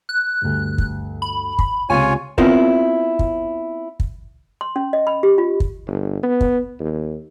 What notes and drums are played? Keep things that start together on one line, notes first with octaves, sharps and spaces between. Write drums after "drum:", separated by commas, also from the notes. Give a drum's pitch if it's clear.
F#6
D2 G2
drum: kick
B5
drum: kick
C#2 C3 F4 C#5 G#5
B3 C4 E4 F4 A#4 C5, drum: kick
drum: kick
drum: kick
C6
C#4
D#5
B5
G4
F4
drum: kick
G1
B3
drum: kick
D#2